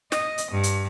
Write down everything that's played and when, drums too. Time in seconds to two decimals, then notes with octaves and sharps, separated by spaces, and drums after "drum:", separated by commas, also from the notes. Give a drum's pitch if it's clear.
0.12 D#5, drum: snare
0.38 drum: hi-hat
0.52 G2
0.63 drum: hi-hat